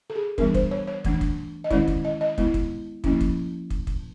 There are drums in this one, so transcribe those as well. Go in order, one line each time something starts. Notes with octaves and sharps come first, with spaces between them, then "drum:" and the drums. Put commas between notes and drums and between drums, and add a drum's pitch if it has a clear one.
A4
G#4
E3 G3 B3 D4 A#4, drum: kick
C5, drum: kick
C#5
C#5
E3 A3 D4, drum: kick
drum: kick
D#5
D#3 G#3 C#4 E4 D5, drum: kick
drum: kick
D#5
D#5
G#3 B3 E4, drum: kick
drum: kick
F3 A#3 C#4 E4, drum: kick
drum: kick
drum: kick
drum: kick